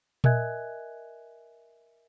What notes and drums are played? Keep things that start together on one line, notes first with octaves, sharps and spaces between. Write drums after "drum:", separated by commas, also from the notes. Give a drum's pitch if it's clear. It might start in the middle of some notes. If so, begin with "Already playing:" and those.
A#4 D#5 E5 G#5 F#6 G#6, drum: tom A#2